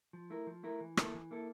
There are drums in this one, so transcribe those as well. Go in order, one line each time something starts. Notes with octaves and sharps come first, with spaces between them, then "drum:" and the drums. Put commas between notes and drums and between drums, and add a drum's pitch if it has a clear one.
F3
A3 E4 A#4
F3
A3 E4 A#4
E3
A#3 E4 A4, drum: rim click
E3
A#3 E4 A4